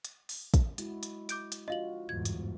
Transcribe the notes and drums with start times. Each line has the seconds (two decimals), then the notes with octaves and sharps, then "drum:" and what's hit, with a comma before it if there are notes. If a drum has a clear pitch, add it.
0.05 drum: hi-hat
0.29 drum: open hi-hat
0.54 drum: kick, hi-hat
0.78 G#3 E4 F#4, drum: hi-hat
1.03 drum: hi-hat
1.29 D6 G6 D7, drum: hi-hat
1.52 drum: hi-hat
1.68 D4 F4 F#4 D#5 F5 F#7
2.09 G1 E2 G#2 G#6
2.25 drum: hi-hat